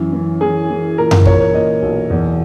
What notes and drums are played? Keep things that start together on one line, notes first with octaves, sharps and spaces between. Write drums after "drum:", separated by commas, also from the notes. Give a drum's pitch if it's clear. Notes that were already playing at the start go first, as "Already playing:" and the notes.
Already playing: F#2 E3
E3
E3 G#4
E3
A#2 A#4
A#4, drum: tom F#2
A#2 C#5, drum: kick
C#5
A#2 D#5
B1
E2